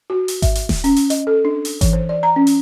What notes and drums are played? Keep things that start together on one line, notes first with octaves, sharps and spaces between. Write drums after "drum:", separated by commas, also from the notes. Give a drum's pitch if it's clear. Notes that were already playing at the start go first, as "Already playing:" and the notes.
F#4
drum: open hi-hat
E5, drum: kick G#1, hi-hat
drum: hi-hat
drum: snare D#1
C#4, drum: open hi-hat
drum: open hi-hat
D#5, drum: hi-hat
A4
D4
drum: open hi-hat
E3, drum: kick G#1, hi-hat
C5
D5
A#5
C#4
drum: open hi-hat